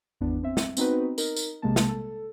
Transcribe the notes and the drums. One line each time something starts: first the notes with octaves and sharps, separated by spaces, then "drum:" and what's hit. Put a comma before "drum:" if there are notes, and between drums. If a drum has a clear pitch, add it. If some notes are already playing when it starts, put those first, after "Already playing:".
G#1 E2 B3 D4
C4 E5
drum: snare
B3 C4 D#4 F#4 B4, drum: tambourine
D#4 A#4, drum: tambourine
drum: tambourine
B1 C3 G#3 A#3 A5
drum: snare
A4